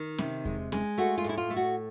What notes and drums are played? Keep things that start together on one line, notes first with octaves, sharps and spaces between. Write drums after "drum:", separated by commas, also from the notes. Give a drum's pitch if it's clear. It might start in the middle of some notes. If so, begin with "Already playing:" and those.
Already playing: D#3
C3, drum: snare C#4
G#3, drum: kick E2
G#3, drum: snare C#4
A3 F#4
F4
A2 E4, drum: hi-hat
F4
A3
F#4